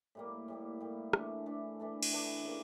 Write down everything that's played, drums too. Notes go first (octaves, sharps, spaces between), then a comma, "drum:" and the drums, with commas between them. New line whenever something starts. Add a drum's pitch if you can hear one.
A2 G3 A#3
A2 G3 A#3
A2 G3 A#3
E3 A3 D4, drum: rim click
E3 A3 D4
E3 A3 D4
drum: cymbal
E3 A3 D4
C#3 E3 A#3